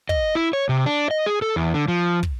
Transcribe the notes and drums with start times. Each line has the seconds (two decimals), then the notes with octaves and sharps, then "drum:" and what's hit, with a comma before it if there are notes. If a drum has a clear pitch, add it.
0.09 D#5, drum: kick
0.35 E4
0.53 C#5
0.69 C3
0.86 D4
1.11 D#5
1.26 G#4
1.42 A4
1.56 E2
1.74 D3
1.88 F3
2.23 drum: kick